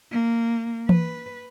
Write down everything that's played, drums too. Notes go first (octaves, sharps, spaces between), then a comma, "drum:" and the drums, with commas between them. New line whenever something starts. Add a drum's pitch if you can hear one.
A#3
B4, drum: tom E3